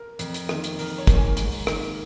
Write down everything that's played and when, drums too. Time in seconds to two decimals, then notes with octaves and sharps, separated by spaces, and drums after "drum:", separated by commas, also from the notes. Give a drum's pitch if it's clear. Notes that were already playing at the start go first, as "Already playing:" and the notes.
Already playing: A#4
0.19 F2, drum: hi-hat
0.34 drum: hi-hat
0.49 D#3 A#3, drum: rim click
0.64 drum: hi-hat
0.79 F2 A#4, drum: open hi-hat
0.98 C#5
1.07 D#3 A#3, drum: kick, hi-hat
1.18 G#5
1.37 G#2, drum: hi-hat
1.52 drum: open hi-hat
1.67 D#3 A#3, drum: rim click